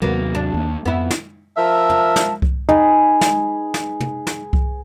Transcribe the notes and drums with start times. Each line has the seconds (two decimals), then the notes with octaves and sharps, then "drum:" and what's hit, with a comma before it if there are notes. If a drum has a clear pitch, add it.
0.02 D#2 C3 F#3 A#3 B3
0.35 D4
0.54 D#2 A#3
0.86 F2 B3 E4
1.11 drum: snare
1.57 F3 A#4 E5 A5
1.90 drum: tom
2.16 drum: snare
2.42 drum: kick C2
2.69 D#4 G#4 B4 G#5, drum: tom
3.21 drum: snare
3.74 drum: snare
4.00 drum: tom
4.27 drum: snare
4.53 drum: kick C2